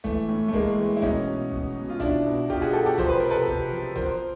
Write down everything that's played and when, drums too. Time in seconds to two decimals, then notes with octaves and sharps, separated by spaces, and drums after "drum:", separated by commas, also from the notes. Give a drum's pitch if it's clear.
0.04 E3 A3, drum: kick, hi-hat
0.28 A2
0.48 A3
0.53 A2 G#3 A#3, drum: kick
0.78 E3
0.97 E4
1.02 B2 C#4 D#4, drum: kick, hi-hat
1.27 B2
1.52 B2, drum: kick
1.75 B2
1.90 F4
2.00 B2 D4 E4, drum: kick, hi-hat
2.25 B2
2.50 B2 F4 G4, drum: kick
2.62 F#4 G#4
2.73 B2 G4 A4
2.86 G4 A4
2.98 F3 C5, drum: kick, hi-hat
3.09 B4
3.20 C3 A#4
3.30 A4 B4, drum: hi-hat
3.47 C3, drum: kick
3.71 F3
3.96 F3 A#4 C5, drum: kick, hi-hat